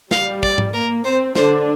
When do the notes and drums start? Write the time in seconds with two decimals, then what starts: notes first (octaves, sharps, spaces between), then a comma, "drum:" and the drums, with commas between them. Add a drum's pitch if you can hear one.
0.11 G3 F5, drum: snare
0.43 D5, drum: kick
0.58 drum: tom G#2
0.73 A#3 A#4
1.05 C4 C5
1.35 D3 D4 C5, drum: snare